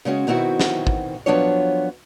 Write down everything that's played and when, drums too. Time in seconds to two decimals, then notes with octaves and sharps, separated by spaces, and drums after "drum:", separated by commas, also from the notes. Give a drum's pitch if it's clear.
0.05 C#3 G#3 C#4 F#4
0.27 B2 D#3 C4 E4 F#4
0.60 drum: snare
0.87 drum: kick
1.26 F3 F#3 B3 D4 F4 C#5